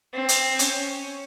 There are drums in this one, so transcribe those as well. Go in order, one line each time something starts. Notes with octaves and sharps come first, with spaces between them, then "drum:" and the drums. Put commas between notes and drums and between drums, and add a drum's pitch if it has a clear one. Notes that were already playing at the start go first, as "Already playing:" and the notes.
C4
drum: hi-hat
C#4, drum: hi-hat